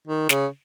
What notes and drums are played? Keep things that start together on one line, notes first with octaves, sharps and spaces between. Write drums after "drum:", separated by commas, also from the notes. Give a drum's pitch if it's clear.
D#3
C#3, drum: snare